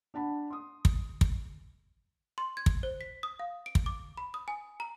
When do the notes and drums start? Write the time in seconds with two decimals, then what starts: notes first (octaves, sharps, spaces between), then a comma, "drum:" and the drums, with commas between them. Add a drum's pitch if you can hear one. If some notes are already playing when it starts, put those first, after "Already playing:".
0.14 D4 F#5 A5 B5
0.51 C6 D#6
0.85 drum: kick
1.21 drum: kick
2.38 C6
2.57 G#6
2.66 drum: kick
2.83 C5
3.01 B6
3.23 D#6
3.39 F5
3.66 D7
3.75 drum: kick
3.86 D6
4.17 B5
4.34 D#6
4.48 G#5
4.80 A#5